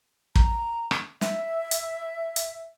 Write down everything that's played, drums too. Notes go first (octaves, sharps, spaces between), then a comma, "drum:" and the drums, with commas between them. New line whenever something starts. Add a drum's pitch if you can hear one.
A#5, drum: kick
drum: rim click
E5, drum: snare
drum: hi-hat
drum: hi-hat